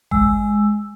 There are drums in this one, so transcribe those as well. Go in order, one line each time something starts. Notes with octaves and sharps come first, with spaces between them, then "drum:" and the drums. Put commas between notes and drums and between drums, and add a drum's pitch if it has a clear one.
G#3 E6, drum: kick G1